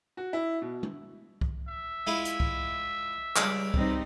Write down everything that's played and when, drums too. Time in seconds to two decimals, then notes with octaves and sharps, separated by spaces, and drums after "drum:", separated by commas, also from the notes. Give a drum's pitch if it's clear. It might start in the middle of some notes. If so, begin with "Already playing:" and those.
0.17 F#4
0.33 E4
0.62 B2
0.83 drum: tom G#3
1.41 drum: kick C2
1.68 E5
2.07 G#3 E4 F4
2.25 drum: hi-hat
2.40 drum: kick C2
3.36 C#2 G3 D4 D6, drum: clap
3.74 G3 C4 D#4, drum: kick C2